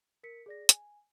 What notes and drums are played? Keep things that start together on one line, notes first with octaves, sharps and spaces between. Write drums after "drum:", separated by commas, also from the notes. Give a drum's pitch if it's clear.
A#4 B6 C#7
G#4 D5 A#6
G#5, drum: hi-hat